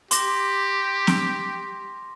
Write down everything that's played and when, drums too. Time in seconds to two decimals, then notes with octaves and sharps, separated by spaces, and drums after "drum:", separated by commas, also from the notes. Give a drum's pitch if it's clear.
0.11 G4 C6 D6 A#6, drum: hi-hat
1.07 drum: snare C4